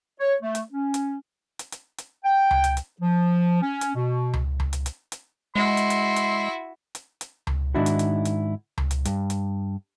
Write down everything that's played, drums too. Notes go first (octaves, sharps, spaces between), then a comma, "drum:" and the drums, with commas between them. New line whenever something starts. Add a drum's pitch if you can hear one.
C#5
A3
drum: hi-hat
C#4
drum: hi-hat
drum: hi-hat
drum: hi-hat
drum: hi-hat
G5
drum: tom C#2
drum: hi-hat
drum: hi-hat
F3
C#4
drum: hi-hat
B2
drum: tom C#2
drum: tom C#2
drum: hi-hat
drum: hi-hat
drum: hi-hat
G#3 E4 F#4 C6
drum: hi-hat
drum: hi-hat
drum: hi-hat
drum: hi-hat
drum: hi-hat
drum: tom C#2
G#2 C3 D#3 D4 E4 F#4
drum: hi-hat
drum: hi-hat
drum: hi-hat
drum: tom C#2
drum: hi-hat
G2, drum: hi-hat
drum: hi-hat